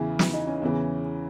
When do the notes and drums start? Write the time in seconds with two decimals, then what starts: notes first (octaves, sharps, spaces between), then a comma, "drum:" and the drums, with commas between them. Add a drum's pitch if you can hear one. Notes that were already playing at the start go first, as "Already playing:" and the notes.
Already playing: E2 C#3 E3
0.19 drum: snare
0.33 D#4
0.47 C#4
0.62 E2 C#3 E3 C#4